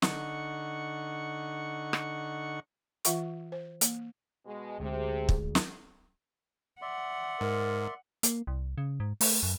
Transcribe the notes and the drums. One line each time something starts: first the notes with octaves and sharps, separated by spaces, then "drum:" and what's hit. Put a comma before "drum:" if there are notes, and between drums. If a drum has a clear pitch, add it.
D3 D#4 F#5 C#6, drum: snare
drum: rim click
E3 F4 E5 F#5 C#6, drum: hi-hat
C5
A#3, drum: hi-hat
B2 G#3
D2 C3 G#3
drum: kick
drum: snare
D5 E5 F#5 C6
G#2 A#4
A#3, drum: hi-hat
C2
C#3
G#2
A3, drum: open hi-hat
F#2